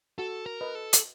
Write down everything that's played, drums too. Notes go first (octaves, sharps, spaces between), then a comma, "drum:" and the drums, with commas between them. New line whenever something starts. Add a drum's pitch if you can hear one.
F#4 A4
A#4
B4 D#5
A4
drum: hi-hat